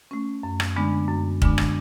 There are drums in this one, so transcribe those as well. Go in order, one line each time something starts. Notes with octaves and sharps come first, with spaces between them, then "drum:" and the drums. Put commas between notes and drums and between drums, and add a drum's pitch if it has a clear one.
A3 C#4
F#2
drum: rim click
D3 G#3 B3 D4
F#2
D3 G#3 B3 D4, drum: kick
drum: rim click